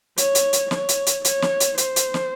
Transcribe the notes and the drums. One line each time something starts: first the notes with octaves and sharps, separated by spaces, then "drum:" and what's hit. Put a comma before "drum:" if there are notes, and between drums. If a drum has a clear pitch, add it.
C#5, drum: hi-hat
drum: hi-hat
drum: hi-hat
C#5, drum: snare
drum: hi-hat
drum: hi-hat
C#5, drum: hi-hat
drum: snare
drum: hi-hat
C5, drum: hi-hat
drum: hi-hat
drum: snare